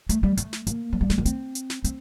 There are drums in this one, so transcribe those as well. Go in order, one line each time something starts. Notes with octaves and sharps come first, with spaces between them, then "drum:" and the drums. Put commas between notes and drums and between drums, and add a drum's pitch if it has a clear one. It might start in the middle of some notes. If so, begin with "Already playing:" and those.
A3, drum: hi-hat
G3
A3, drum: hi-hat
drum: snare
A#3, drum: hi-hat
F3
G3
A3, drum: snare
A#3
C4, drum: hi-hat
drum: hi-hat
drum: snare
C4, drum: hi-hat